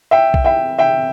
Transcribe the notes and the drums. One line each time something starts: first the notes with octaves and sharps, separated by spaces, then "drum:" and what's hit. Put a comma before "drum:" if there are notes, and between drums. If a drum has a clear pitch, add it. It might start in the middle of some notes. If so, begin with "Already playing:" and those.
E5 G5
drum: kick B1
E5 G5
E5 G5